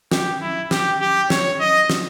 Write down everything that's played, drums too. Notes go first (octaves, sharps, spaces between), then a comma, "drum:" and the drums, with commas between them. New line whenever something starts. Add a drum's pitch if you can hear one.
G4, drum: snare
E4
G4, drum: snare
G4
C#5, drum: snare
D#5
drum: snare